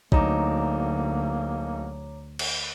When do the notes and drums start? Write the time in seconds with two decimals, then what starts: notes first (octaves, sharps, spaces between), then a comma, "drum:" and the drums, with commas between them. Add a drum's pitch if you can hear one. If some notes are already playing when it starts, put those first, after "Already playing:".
0.12 D1 D2 A#3 D#4 C#5 A#5 D6, drum: kick
2.39 drum: cymbal